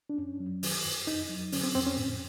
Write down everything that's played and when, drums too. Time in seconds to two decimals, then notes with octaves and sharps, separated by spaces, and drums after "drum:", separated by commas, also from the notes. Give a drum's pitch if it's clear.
0.10 D4
0.18 F#2 C#4
0.40 F#3
0.63 D#3, drum: open hi-hat
0.85 F#2
1.07 F2 D#4
1.29 F#3
1.52 D3 C#4, drum: open hi-hat
1.64 C4
1.75 F2 C4
1.86 C#4
1.98 A2